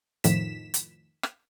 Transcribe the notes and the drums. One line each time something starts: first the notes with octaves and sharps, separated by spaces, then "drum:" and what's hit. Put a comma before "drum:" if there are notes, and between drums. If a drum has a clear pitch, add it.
F2 A2 D#3 F3 B6 E7, drum: hi-hat
drum: hi-hat
drum: rim click